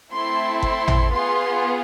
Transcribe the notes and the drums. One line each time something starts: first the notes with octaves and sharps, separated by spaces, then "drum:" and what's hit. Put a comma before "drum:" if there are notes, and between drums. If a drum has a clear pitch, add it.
A3 C4 E4 A4 C6
C6, drum: kick G1
drum: tom
B3 F4 G#4 C6